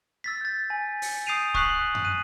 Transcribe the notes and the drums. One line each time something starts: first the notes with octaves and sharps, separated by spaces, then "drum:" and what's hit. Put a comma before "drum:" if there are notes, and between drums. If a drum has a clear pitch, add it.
E6 A6 B6
G6 A6
G#5
drum: open hi-hat
D#6 G6 C7 D7 D#7 F7
C#6 D#6 F#6 B6 C7 F#7, drum: kick D1
drum: tom F#2
F#6 D#7